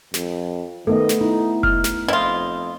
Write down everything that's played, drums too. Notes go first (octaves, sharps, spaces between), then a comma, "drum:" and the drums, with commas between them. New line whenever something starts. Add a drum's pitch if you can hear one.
F2, drum: snare
D#3 A3 B3 A4 D#5
drum: snare
D#4 E4
F6, drum: kick F1
drum: snare
F2 E4 F4 C5 D#5